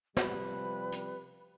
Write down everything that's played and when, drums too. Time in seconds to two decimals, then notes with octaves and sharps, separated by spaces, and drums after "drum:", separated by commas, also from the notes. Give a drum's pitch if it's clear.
0.17 C3 F3 G3 B4, drum: snare
0.92 drum: hi-hat